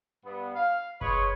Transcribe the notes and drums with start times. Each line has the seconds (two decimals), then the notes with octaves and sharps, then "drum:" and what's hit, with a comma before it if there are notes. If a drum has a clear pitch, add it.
0.25 G2 B3
0.55 F5
1.01 G#3 B4 C#5, drum: kick F#1